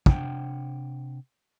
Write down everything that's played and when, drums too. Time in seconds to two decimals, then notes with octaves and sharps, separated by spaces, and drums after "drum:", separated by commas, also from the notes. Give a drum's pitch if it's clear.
0.06 C3 D4 F#5 G5, drum: kick